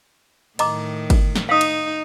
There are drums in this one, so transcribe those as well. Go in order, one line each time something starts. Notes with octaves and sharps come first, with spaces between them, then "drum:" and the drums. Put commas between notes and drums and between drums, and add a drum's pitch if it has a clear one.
A2 D#3 D#5 A#5 D6, drum: cymbal
drum: kick G1, cymbal
drum: snare
D#4 F5 D#6
drum: cymbal